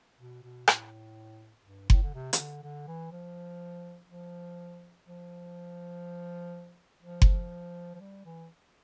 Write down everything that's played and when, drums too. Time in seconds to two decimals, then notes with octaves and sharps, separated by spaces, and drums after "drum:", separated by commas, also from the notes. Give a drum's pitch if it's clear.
0.18 B2
0.43 B2
0.68 A2, drum: rim click
1.65 G2
1.90 A2, drum: kick F#1
2.03 D3
2.14 C3
2.33 E3, drum: hi-hat
2.38 D3
2.63 D3
2.87 E3
3.12 F3
4.09 F3
5.07 F3
7.02 F3
7.22 drum: kick F#1
7.95 F3
8.00 G3
8.25 E3